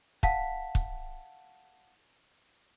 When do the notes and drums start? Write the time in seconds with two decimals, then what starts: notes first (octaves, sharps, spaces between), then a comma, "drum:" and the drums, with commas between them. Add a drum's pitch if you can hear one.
0.23 F5 F#5 A5 B6, drum: kick
0.75 drum: kick